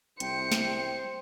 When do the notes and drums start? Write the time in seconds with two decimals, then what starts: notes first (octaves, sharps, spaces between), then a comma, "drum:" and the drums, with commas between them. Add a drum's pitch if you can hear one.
0.20 C2 C5 G5 C#7, drum: hi-hat
0.52 drum: snare